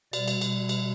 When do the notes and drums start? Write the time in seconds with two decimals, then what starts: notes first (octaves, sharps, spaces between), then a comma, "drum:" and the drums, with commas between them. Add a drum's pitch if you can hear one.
0.13 B2 G3 D5, drum: cymbal
0.28 drum: cymbal
0.41 drum: cymbal
0.69 drum: cymbal